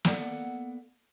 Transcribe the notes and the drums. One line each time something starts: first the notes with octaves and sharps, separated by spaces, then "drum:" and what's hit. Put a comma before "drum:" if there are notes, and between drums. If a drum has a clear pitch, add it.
A#3 B3 A4 D5 F#5, drum: snare